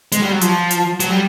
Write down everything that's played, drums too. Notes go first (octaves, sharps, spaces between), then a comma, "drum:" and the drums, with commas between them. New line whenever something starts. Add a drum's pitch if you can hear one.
G#3, drum: hi-hat
G3
F#3
F3, drum: hi-hat
drum: hi-hat
F#3, drum: hi-hat
G3